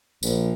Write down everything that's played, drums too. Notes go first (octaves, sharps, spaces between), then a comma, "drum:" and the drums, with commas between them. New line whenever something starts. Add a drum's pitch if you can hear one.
A#1, drum: tambourine